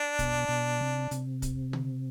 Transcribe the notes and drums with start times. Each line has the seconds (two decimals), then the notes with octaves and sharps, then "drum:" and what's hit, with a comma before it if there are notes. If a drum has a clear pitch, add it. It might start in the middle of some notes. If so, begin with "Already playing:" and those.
Already playing: D4
0.19 B2, drum: kick, hi-hat
0.49 B2
0.81 C3
1.11 C3, drum: hi-hat
1.42 drum: kick, hi-hat
1.73 drum: tom